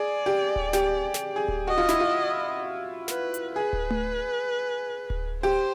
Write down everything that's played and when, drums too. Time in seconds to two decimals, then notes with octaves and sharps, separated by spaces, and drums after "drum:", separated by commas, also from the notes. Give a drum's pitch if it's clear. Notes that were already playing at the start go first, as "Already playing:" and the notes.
Already playing: G#4 D5
0.26 G4
0.56 drum: kick D1
0.73 G4, drum: snare
1.14 drum: snare
1.36 G#4
1.48 drum: kick D1
1.67 F#4 D#5
1.78 F4
1.89 E4, drum: snare
2.00 F4
3.08 B4, drum: snare
3.34 drum: hi-hat
3.56 G#4 B4
3.73 drum: kick D1
3.90 drum: tom A3
5.10 drum: kick D1
5.43 G4 C5